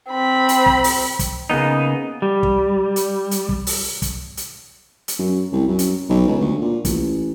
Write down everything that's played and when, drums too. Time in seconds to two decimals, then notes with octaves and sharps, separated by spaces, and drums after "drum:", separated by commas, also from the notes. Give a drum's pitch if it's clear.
0.10 C4 B5
0.49 drum: hi-hat
0.66 drum: kick
0.84 drum: open hi-hat
1.19 drum: kick, hi-hat
1.50 C#3 A#3 B3 D#4
2.22 G3
2.43 drum: kick
2.96 drum: hi-hat
3.31 drum: hi-hat
3.49 drum: kick
3.67 drum: open hi-hat
4.02 drum: kick, hi-hat
4.37 drum: hi-hat
5.08 drum: hi-hat
5.19 F#2
5.52 C2
5.68 F#2
5.79 drum: hi-hat
6.09 B1
6.28 C#2
6.41 D2
6.62 A#2
6.85 A1, drum: kick, hi-hat